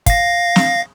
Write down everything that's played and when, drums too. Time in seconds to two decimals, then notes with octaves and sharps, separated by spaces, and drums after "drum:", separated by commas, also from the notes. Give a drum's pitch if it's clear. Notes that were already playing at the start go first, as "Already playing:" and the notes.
0.06 F5 A#6, drum: kick, hi-hat
0.56 drum: snare